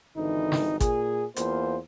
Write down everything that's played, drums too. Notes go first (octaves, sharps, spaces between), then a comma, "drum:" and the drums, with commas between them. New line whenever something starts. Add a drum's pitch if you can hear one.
G#1 D3 E3 D#4
drum: snare
A#2 G#4, drum: kick G#1, hi-hat
E2 A#3 F4 C5, drum: hi-hat